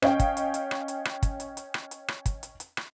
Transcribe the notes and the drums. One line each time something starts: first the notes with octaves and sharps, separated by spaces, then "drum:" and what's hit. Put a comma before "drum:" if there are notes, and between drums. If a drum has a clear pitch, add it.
C#4 D#5 F5 G5, drum: rim click
drum: kick, hi-hat
drum: hi-hat
drum: hi-hat
drum: rim click
drum: hi-hat
drum: rim click
drum: kick, hi-hat
drum: hi-hat
drum: hi-hat
drum: rim click
drum: hi-hat
drum: rim click
drum: kick, hi-hat
drum: hi-hat
drum: hi-hat
drum: rim click